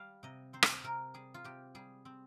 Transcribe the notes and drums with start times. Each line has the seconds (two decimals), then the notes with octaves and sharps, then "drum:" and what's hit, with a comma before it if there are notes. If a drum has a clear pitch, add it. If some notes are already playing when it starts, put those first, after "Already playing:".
Already playing: G3 F5
0.23 C3 D#5
0.53 C4 C5
0.63 drum: rim click
0.84 C3 A#4
1.14 G3 G#4
1.34 F4
1.44 C3 G4
1.75 G3 G#4
2.05 C4